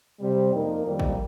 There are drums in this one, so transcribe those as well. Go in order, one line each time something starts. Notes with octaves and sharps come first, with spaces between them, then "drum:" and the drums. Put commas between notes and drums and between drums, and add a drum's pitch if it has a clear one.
C3 G3 C4
F2 F3 A#3 D#4 A#4
F2 D#3 G3 A#3 G4
drum: kick A1